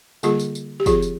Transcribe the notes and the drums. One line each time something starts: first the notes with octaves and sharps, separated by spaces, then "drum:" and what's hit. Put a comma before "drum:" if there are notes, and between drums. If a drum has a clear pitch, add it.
D3 G3 A#3 F4 G#4, drum: tambourine
drum: tambourine
drum: tambourine
G4
F3 C4 F4 G#4, drum: kick, tambourine
drum: tambourine